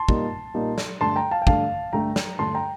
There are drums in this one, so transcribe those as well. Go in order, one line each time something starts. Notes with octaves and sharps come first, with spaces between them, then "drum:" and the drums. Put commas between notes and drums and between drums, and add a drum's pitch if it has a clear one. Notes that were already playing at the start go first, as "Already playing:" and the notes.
Already playing: A5 C6
A#2 G3 A#3 D#4, drum: kick
A#2 G3 A#3 D#4
drum: snare
G2 D3 A3 A5 C6
G5 A#5
F5 A5
G5
G2 D3 A3 F5 A5, drum: kick
G2 D3 A3 G5 A#5
drum: snare
G2 D3 A3 A5 C6
G5 A#5